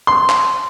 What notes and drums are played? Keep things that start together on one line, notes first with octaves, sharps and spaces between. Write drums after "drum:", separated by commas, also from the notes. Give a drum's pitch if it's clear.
C6
drum: clap